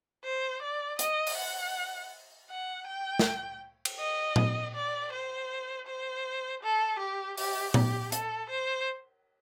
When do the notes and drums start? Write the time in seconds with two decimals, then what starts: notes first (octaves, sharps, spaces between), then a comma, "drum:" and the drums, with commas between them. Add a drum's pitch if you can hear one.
0.24 C5
0.62 D5
0.99 D#5, drum: hi-hat
1.27 drum: open hi-hat
1.37 F#5
2.50 F#5
2.87 G5
3.19 drum: snare
3.85 drum: cymbal
3.99 D#5
4.36 drum: tom A#2
4.74 D5
5.12 C5
5.87 C5
6.62 A4
6.99 G4
7.38 G4, drum: open hi-hat
7.74 G4, drum: tom A#2
8.12 A4, drum: hi-hat
8.49 C5